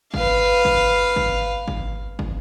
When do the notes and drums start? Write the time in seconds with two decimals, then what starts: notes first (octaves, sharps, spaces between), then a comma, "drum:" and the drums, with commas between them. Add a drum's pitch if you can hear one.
0.14 B4 F5, drum: kick
0.65 drum: kick
1.16 drum: kick
1.68 drum: kick
2.19 drum: kick